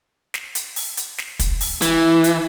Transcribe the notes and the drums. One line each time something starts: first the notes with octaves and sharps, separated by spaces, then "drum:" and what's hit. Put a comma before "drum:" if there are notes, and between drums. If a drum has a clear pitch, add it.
drum: snare
drum: hi-hat
drum: open hi-hat
drum: hi-hat
drum: snare
drum: kick, hi-hat
drum: open hi-hat
E3, drum: hi-hat
drum: hi-hat